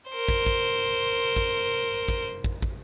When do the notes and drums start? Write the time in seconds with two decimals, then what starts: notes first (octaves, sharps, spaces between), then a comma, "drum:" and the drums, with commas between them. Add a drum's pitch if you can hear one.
0.10 A#4 C5
0.28 drum: kick
0.46 drum: kick
1.36 drum: kick
2.08 drum: kick
2.44 drum: kick
2.62 drum: kick